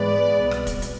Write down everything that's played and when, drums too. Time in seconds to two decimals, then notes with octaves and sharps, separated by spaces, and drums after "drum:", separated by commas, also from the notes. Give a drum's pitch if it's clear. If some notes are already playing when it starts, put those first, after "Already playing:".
Already playing: G#2 E3 G#3 B3 B4 D5
0.37 C2 B2 B3
0.51 drum: rim click
0.67 drum: kick, hi-hat
0.82 drum: hi-hat